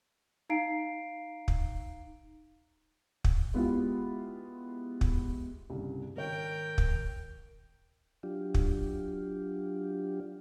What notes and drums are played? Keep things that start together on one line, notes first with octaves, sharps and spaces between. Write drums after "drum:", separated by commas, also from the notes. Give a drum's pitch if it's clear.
D#4 F5 A#5 C7 D7
drum: kick
drum: kick
G#3 B3 E4 F4 G4
drum: kick
C2 G2 C#3
G#1 A#4 C#5 G5
drum: kick
F#3 D4 F4 G4
drum: kick